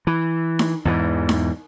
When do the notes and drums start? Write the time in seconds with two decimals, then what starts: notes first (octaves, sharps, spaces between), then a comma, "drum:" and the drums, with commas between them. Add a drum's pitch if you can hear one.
0.07 E3
0.59 drum: snare D#4
0.85 E2 G#2 E3
1.29 drum: snare D#4